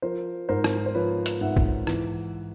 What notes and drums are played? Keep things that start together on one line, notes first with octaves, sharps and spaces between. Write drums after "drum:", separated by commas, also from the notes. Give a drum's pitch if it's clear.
F3 A#4 C5
G#2 A#4 C5
drum: rim click
C5
F3 B4 C#5
drum: hi-hat
G#2 E5 F#5
drum: kick A#1
E3, drum: rim click